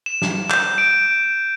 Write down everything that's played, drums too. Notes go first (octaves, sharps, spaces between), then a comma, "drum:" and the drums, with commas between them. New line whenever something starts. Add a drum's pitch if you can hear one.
E7
drum: snare
G6, drum: clap
D7